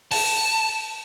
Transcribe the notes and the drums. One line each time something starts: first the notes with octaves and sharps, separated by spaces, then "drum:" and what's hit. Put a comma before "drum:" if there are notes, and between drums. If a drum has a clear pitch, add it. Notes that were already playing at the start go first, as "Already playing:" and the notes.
A5, drum: open hi-hat